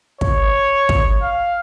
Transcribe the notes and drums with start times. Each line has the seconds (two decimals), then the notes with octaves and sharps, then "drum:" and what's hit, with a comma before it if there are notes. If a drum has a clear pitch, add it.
0.21 C#5, drum: kick
0.89 drum: kick
1.22 F5